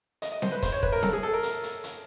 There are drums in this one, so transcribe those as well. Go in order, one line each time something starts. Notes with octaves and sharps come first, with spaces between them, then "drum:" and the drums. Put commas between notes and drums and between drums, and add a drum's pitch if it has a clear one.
D#5, drum: hi-hat
D#5
C5, drum: snare C4
B4
C5, drum: kick, hi-hat
C#5
B4, drum: kick
A#4
A4, drum: snare C4
G#4
A4
A#4
drum: hi-hat
drum: hi-hat
drum: hi-hat